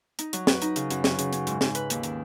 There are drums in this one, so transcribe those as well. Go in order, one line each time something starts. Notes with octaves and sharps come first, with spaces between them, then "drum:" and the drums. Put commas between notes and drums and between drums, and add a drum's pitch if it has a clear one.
D#4, drum: hi-hat
F#3, drum: hi-hat
B4, drum: snare
D#4, drum: hi-hat
C#3, drum: hi-hat
F#2, drum: hi-hat
F#3, drum: snare
C#3, drum: hi-hat
C#4, drum: hi-hat
G#2, drum: hi-hat
G#2, drum: snare
B4, drum: hi-hat
D#2, drum: hi-hat
D#3, drum: hi-hat